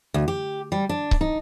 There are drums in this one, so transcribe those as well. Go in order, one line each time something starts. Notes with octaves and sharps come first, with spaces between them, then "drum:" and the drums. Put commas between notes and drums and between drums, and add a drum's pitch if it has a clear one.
D2
G4
G3
D4
drum: kick C#1
D#4